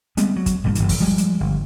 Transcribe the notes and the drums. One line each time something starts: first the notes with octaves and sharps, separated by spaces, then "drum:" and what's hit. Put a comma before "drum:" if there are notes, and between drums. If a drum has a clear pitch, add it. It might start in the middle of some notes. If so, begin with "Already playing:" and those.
G3 G#3 B3 C4, drum: hi-hat
F#3
drum: kick, hi-hat
A#1 G2 F3 A3
F#1 E3, drum: hi-hat
drum: kick, open hi-hat
F3 G3 G#3
drum: hi-hat
G1